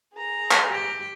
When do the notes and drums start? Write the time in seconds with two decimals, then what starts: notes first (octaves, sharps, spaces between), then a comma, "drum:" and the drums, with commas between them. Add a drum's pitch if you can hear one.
0.14 G#4 A#5
0.51 drum: clap
0.70 G4